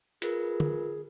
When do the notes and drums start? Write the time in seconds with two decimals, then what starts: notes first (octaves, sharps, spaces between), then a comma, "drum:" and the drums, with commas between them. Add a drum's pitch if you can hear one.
0.22 F4 G#4 A#4 B4, drum: hi-hat
0.60 drum: tom